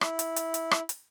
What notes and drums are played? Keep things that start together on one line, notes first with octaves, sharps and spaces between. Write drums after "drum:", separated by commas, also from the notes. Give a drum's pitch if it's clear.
E4, drum: rim click
drum: hi-hat
drum: hi-hat
drum: hi-hat
drum: rim click
drum: hi-hat